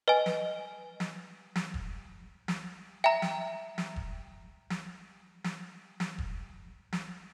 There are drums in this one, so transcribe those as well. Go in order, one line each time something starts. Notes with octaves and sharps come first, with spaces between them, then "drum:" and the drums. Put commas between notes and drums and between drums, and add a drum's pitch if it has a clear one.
B4 D#5 G#5
drum: snare
drum: snare
drum: snare
drum: kick E1
drum: snare
E5 G5 A#5
drum: snare
drum: snare
drum: kick E1
drum: snare
drum: snare
drum: snare
drum: kick E1
drum: snare